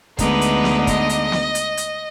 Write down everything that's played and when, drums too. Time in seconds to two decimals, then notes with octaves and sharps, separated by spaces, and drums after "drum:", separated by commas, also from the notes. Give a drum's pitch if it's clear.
0.19 D2 D3 G#3 B3 D#4 B4, drum: kick, hi-hat
0.41 drum: hi-hat
0.64 drum: snare
0.87 D#5, drum: kick, hi-hat
1.09 drum: hi-hat
1.32 drum: snare
1.55 drum: hi-hat
1.77 drum: hi-hat